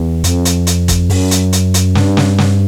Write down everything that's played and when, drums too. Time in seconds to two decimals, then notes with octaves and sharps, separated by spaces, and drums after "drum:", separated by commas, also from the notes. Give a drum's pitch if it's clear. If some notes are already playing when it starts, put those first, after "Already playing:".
Already playing: E2
0.24 F2, drum: hi-hat
0.45 drum: hi-hat
0.67 drum: hi-hat
0.88 drum: kick, hi-hat
1.10 F#2, drum: open hi-hat
1.31 drum: hi-hat
1.53 drum: hi-hat
1.74 drum: hi-hat
1.95 G2, drum: snare
2.17 drum: snare
2.38 drum: snare